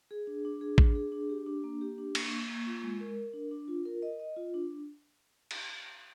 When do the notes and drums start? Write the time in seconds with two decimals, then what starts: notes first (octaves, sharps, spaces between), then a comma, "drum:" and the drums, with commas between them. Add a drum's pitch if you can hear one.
0.11 G#4
0.27 D4
0.45 D4
0.61 G#4
0.78 D4, drum: kick A1
0.95 G#4
1.12 D4
1.29 G4
1.46 D4
1.64 A#3
1.81 G4
1.98 D4
2.15 A#3, drum: cymbal
2.32 A#3
2.50 A#3
2.67 F4
2.83 G#3
3.00 A#4
3.17 A#4
3.34 D4
3.51 D4
3.68 F4
3.85 A#4
4.02 D#5
4.20 D#5
4.36 F4
4.54 D4
5.51 drum: cymbal